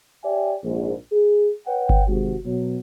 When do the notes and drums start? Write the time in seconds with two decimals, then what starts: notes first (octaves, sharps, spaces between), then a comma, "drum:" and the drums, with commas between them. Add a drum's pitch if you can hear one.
0.24 G4 C#5 D5 E5 G5 G#5
0.64 A#1 G#2
1.12 G#4
1.67 B4 C#5 F#5 G5
1.89 drum: kick G1
2.08 C3 D#3 G#3 F#4
2.45 B2 F#3